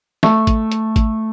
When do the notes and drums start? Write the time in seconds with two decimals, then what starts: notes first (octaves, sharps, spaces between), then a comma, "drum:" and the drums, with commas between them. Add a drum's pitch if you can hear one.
0.23 A3, drum: snare
0.47 drum: kick G#1, hi-hat
0.72 drum: hi-hat
0.96 drum: kick G#1, hi-hat